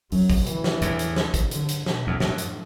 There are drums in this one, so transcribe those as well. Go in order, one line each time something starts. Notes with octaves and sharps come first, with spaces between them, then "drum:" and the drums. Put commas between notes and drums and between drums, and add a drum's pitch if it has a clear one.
F#2 F#3, drum: open hi-hat
drum: kick, open hi-hat
E3, drum: hi-hat
drum: snare
E2 A2, drum: hi-hat
drum: hi-hat
drum: snare
drum: kick, hi-hat
D3, drum: hi-hat
drum: hi-hat
B2, drum: snare
E2
F#2 A2, drum: snare
drum: hi-hat